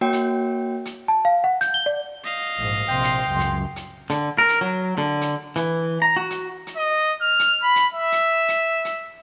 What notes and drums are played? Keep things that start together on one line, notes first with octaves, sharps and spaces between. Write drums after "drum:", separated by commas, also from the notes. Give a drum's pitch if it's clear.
A#3 F#4 C#5 G5
drum: hi-hat
drum: hi-hat
A5
F5
F#5
G6, drum: hi-hat
G7
D5
D#5 F5
A#1 G#2
A#1 C3 G5 C6
drum: hi-hat
C#2 F#2
drum: hi-hat
drum: hi-hat
D3, drum: hi-hat
A#4
drum: hi-hat
F#3
D3
drum: hi-hat
E3, drum: hi-hat
A#5
F#4
drum: hi-hat
drum: hi-hat
D#5
F6
drum: hi-hat
B5
drum: hi-hat
E5
drum: hi-hat
drum: hi-hat
drum: hi-hat